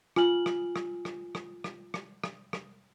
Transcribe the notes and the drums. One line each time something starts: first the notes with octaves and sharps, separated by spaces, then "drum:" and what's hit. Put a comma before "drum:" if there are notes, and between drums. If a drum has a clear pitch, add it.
F4 G#5 F6 F#7, drum: rim click
drum: rim click
drum: rim click
drum: rim click
drum: rim click
drum: rim click
drum: rim click
drum: rim click
drum: rim click